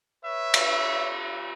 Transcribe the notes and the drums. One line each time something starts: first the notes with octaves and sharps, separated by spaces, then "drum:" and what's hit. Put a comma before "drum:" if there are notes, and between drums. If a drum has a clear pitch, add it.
B4 C#5 E5
drum: cymbal